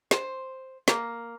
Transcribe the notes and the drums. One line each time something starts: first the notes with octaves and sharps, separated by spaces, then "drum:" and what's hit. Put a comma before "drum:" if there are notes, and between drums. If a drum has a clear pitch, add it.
C5, drum: snare
A#3, drum: snare